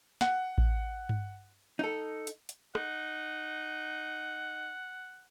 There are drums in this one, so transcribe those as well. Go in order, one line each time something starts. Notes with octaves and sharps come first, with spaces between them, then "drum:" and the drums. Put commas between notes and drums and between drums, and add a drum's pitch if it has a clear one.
F#5, drum: snare
drum: kick A1
drum: tom G2
D#4 A4
drum: hi-hat
drum: hi-hat
D#4 F#5, drum: rim click